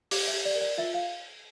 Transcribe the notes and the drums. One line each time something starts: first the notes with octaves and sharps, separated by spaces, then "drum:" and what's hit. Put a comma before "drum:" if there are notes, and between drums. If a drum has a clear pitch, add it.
G4 D6, drum: open hi-hat
E5
G4
D5
A#4
D5
F4 E5
F5